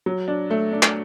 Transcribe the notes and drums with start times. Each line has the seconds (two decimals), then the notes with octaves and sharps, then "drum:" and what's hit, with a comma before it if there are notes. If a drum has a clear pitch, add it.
0.06 F#3
0.28 D4
0.50 A3
0.73 D4
0.83 drum: clap